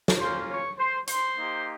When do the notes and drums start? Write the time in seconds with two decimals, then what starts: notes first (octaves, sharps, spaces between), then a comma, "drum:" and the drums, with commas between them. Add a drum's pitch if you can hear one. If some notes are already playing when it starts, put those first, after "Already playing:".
0.08 drum: snare
0.20 A#3 C#4 F4 C5 C6
0.50 C#5 C#6
0.79 C5 C6
1.07 C5 C6, drum: hi-hat
1.36 A#3 D#4 G4